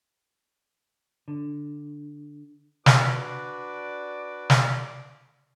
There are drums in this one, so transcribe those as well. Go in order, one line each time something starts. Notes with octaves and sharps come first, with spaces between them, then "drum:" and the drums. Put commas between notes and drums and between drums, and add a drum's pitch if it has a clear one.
D3
D4 F#4 B4 D5 D6, drum: snare
drum: snare